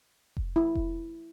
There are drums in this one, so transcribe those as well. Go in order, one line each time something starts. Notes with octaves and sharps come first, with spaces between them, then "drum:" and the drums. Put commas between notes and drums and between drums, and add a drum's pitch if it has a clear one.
drum: kick F1
E4
drum: kick F1